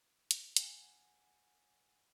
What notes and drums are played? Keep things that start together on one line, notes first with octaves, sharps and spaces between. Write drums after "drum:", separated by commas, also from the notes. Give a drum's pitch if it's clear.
drum: hi-hat
F#5 G#5, drum: hi-hat